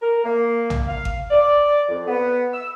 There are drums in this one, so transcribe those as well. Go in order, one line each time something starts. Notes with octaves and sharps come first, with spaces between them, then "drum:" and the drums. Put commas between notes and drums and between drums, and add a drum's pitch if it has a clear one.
A#4
A#3
drum: tom B1
F5
drum: kick G#1
D5
F2
B3
E6